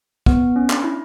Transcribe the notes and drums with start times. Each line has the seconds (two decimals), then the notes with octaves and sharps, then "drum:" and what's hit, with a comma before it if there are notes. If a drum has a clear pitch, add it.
0.26 B3, drum: kick
0.56 C#4
0.70 D4, drum: clap
0.84 E4